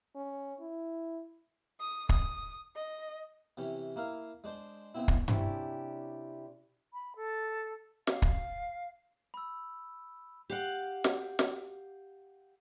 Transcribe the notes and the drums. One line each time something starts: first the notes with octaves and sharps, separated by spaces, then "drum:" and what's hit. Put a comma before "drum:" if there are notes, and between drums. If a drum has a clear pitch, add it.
C#4
E4
D#6
D#6, drum: kick
D#5
C3 E3 C#4
A#3 E4 A#4 F5
G#3 D4 C5
C#3 B3 C4 E4
drum: kick
C3 C#4 D4 E4 G4, drum: tom G2
B5
A4
F5, drum: snare
drum: kick
B5 E6
G4 F5 F#5
drum: snare
drum: snare